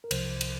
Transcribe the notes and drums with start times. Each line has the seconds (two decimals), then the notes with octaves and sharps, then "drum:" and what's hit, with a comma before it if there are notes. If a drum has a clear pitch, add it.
0.04 A#4
0.11 C2 C3 F3 C5, drum: cymbal
0.41 drum: cymbal